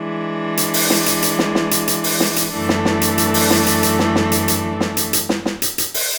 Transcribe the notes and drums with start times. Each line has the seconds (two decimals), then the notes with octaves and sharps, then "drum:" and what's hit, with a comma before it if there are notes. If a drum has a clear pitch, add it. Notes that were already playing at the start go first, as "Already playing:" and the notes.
Already playing: E3 G#3 D4
0.57 drum: hi-hat
0.74 drum: open hi-hat
0.90 drum: snare
1.06 drum: hi-hat
1.22 drum: hi-hat
1.39 drum: snare
1.55 drum: snare
1.71 drum: hi-hat
1.88 drum: hi-hat
2.04 drum: open hi-hat
2.20 drum: snare
2.36 drum: hi-hat
2.52 F#2 E3 A3 D4 A4
2.69 drum: snare
2.85 drum: snare
3.01 drum: hi-hat
3.18 drum: hi-hat
3.34 drum: open hi-hat
3.50 drum: snare
3.67 drum: hi-hat
3.83 drum: hi-hat
3.99 drum: snare
4.15 drum: snare
4.32 drum: hi-hat
4.48 drum: hi-hat
4.80 drum: snare
4.97 drum: hi-hat
5.13 drum: hi-hat
5.29 drum: snare
5.45 drum: snare
5.62 drum: hi-hat
5.78 drum: hi-hat
5.94 drum: open hi-hat